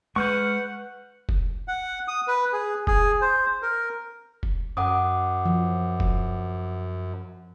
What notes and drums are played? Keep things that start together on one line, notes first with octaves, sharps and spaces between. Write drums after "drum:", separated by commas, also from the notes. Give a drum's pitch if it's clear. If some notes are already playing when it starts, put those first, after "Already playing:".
G#3 B4 F#5 C#6 F6 G6
drum: kick F1
F#5
D#6
B4
G#4
G#4, drum: kick F1
C5
A#4
drum: kick F1
F#2 F#5 D6 D#6
F3
drum: kick F1